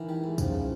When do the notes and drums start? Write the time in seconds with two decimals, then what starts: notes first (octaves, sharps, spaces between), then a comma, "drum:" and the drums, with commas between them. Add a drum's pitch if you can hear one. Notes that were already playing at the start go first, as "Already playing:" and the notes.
Already playing: D#3 E3
0.09 G3
0.24 G#2
0.38 C#3 F3, drum: kick, tambourine
0.54 C#3